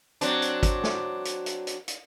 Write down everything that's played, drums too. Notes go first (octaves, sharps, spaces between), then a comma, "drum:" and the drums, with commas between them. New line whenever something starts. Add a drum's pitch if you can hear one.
F#3 C4 D4, drum: hi-hat
drum: hi-hat
drum: kick, hi-hat
drum: snare
drum: hi-hat
drum: hi-hat
drum: hi-hat
drum: hi-hat